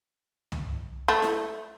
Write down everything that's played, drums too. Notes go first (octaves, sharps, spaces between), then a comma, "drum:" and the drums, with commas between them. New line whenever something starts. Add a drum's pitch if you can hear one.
drum: tom
A3
drum: snare E4